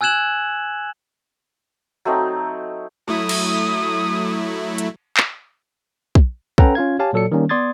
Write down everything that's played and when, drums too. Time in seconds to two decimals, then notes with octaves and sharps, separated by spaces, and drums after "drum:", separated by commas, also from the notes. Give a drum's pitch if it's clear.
0.01 G#5 E6 F#6 G#6 E7 F#7
2.05 F#3 A3 C4 D#4
3.08 F#3 A3 E4 D#6
3.29 drum: cymbal
4.78 drum: hi-hat
5.17 drum: clap
6.15 drum: kick
6.58 C#4 A4 B4 F#5 G5 A#5, drum: kick
6.75 C#4 F4 F5 G#6
6.99 G4 C#5 F5 G#5 A5
7.13 A#2 F#3 A4 D5 C#7
7.32 D#3 G3 A#3 C#4
7.49 B3 D5 C6 D#6 G#6 A6